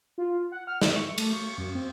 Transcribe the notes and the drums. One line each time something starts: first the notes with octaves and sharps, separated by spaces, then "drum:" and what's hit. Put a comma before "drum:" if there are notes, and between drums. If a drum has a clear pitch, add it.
F4
F#5
F6
E5, drum: snare
C#6
A3, drum: cymbal
C#6
F#2
C4